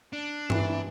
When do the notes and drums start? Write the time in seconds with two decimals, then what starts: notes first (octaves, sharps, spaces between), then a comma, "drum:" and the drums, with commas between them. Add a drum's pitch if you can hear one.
0.13 D4
0.50 E3, drum: tom G2